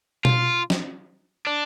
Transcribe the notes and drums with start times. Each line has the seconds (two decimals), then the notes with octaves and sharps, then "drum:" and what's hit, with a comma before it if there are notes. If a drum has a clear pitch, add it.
0.25 F4, drum: tom B2
0.70 drum: snare
1.47 D4